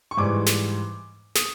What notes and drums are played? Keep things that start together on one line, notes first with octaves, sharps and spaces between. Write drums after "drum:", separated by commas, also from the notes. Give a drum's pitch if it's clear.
C#6
G#2 E3 G3 D6
drum: snare
D#6, drum: snare